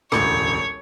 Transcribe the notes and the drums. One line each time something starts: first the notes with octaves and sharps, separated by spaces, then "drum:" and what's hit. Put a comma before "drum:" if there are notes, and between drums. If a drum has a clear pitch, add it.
E1 A1 D2 C#5, drum: rim click